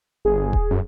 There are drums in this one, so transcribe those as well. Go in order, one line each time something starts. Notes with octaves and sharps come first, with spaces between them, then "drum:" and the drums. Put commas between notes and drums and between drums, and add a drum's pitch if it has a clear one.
G1 G#4
drum: kick D#1
F#2